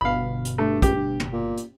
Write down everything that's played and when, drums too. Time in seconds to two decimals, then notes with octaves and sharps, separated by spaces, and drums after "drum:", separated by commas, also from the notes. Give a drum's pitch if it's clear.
0.01 G1 B2 F5 B5
0.45 drum: hi-hat
0.58 G2 A3
0.82 C#2 G4, drum: kick, hi-hat
0.95 G2
1.20 drum: tom
1.32 A#2
1.57 drum: hi-hat